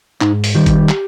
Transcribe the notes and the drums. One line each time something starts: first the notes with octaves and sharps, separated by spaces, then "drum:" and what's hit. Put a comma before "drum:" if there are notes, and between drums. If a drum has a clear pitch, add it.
G#2 D#4, drum: clap
drum: open hi-hat
D#3 G3 G4
drum: kick G1, hi-hat
drum: clap